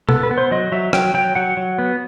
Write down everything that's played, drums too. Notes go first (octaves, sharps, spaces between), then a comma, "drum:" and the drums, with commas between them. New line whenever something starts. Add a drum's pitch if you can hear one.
B3 A4, drum: tom B2
B4
B3
C5
F#3 D#5
F#3 E5
F#3 G5, drum: rim click
F#3 G5
F#3 F#5
F#3
B3